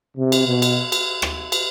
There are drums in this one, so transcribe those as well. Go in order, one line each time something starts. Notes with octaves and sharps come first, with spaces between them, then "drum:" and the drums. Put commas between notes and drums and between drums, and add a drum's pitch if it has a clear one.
C3
drum: cymbal
B2
drum: cymbal
drum: cymbal
drum: rim click
drum: cymbal